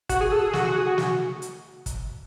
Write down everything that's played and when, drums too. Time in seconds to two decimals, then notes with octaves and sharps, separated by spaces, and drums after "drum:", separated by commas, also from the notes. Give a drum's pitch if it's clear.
0.09 F#4, drum: kick, hi-hat
0.21 G#4
0.32 A4
0.43 G#4
0.53 F#4, drum: snare
0.65 F#4
0.76 G#4
0.87 F#4
0.98 drum: snare
1.42 drum: hi-hat
1.86 drum: kick, hi-hat